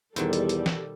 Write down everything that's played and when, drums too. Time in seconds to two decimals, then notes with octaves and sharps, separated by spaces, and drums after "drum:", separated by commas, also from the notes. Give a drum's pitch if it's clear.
0.16 E2 B2 D#3 G3 C4 A4, drum: hi-hat
0.33 drum: hi-hat
0.49 drum: hi-hat
0.66 drum: snare